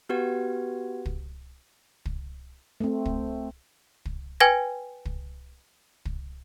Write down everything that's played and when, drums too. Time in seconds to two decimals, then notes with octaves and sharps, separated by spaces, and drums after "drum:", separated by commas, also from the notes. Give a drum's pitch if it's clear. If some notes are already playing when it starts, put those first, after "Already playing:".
0.09 B3 F#4 G4 B4 F#5 G#6
1.05 drum: kick
2.05 drum: kick
2.80 A3 C4
3.05 drum: kick
4.05 drum: kick
4.40 B4 G5 G#5 G#6 A#6
5.05 drum: kick
6.05 drum: kick